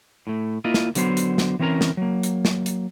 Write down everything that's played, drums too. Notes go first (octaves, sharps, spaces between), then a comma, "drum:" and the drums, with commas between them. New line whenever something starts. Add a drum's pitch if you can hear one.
A2 A3
A#3 E4 F4 D#5
drum: snare
D3 F#3 B3 C5, drum: hi-hat
drum: hi-hat
drum: snare
E3 C4 C#4 A#4 A#5
drum: snare
F#3 A#3
drum: hi-hat
drum: snare
drum: hi-hat